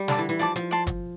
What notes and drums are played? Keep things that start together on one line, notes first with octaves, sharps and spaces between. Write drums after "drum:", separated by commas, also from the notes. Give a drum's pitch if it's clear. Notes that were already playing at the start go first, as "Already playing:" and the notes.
Already playing: G3
D3 D5 A5 D6, drum: snare
E3
E3
F3 D5 A5 D6
F3, drum: hi-hat
D5 A5 C6
drum: kick G1, hi-hat